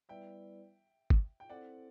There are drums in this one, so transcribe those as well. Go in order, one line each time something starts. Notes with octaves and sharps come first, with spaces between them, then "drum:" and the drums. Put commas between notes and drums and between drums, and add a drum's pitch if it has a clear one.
G3 B3 E4 B4 D5 E5 G5
drum: kick G1
G5
C4 E4 A4 C5 D5 F#5